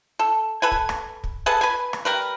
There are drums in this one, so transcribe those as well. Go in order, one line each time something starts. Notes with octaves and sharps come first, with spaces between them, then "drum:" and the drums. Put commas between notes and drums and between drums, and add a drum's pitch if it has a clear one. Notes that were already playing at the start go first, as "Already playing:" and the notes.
A4
A4 B4 G#5
drum: kick
drum: rim click
drum: kick
G#4 A4 B4 A5
B4 G#5
drum: rim click
G3 A#4 B4